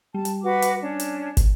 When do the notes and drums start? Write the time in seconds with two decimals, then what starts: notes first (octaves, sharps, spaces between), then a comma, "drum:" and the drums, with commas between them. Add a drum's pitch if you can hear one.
0.14 G3 A5
0.25 drum: hi-hat
0.42 F#4 B4 D6
0.62 drum: hi-hat
0.81 C#4 D4
1.00 drum: hi-hat
1.37 drum: kick, hi-hat